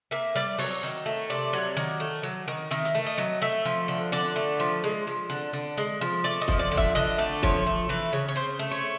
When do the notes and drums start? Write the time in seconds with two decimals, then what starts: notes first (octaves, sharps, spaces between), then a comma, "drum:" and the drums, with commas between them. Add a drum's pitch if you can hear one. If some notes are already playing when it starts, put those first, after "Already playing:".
0.11 A#3 E5
0.35 G3 D5
0.58 F#3 C#5, drum: open hi-hat
0.83 D#3
1.06 A3
1.30 C3 D5
1.53 F#3
1.77 D#3
2.00 A3
2.23 F#3
2.48 D#3
2.71 D#3 E5
2.85 drum: hi-hat
2.95 A3
3.06 D#5
3.18 F#3
3.42 A3 E5
3.65 F3
3.88 D3
4.12 D3 D5
4.36 A3
4.60 F3
4.84 G#3
5.07 F3
5.30 D3
5.53 D3
5.78 G#3
6.01 F3
6.24 A3 D5
6.42 D#5
6.48 F3, drum: kick
6.59 D5
6.72 D3
6.77 E5, drum: kick
6.95 D3 D#5
7.18 A3 D5
7.43 F3 C#5, drum: kick
7.66 A3
7.89 E3 B4
8.12 C#3 C#5
8.28 C#5
8.36 C#3 C5
8.59 A3
8.71 C#5